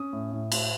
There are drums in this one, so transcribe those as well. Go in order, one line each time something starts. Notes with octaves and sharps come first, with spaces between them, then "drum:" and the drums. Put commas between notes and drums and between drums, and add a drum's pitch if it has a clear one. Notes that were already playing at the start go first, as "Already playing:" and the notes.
Already playing: C#4 D#6
A2
A2
A2, drum: cymbal